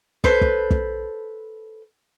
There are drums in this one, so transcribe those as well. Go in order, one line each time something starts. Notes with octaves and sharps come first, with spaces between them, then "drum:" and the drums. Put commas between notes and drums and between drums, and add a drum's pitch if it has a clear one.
A4 B4 C5, drum: kick
drum: kick
drum: kick